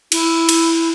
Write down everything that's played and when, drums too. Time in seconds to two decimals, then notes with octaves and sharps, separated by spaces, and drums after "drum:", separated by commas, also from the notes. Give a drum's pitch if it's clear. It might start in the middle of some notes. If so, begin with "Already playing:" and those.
0.12 E4, drum: cymbal
0.49 drum: cymbal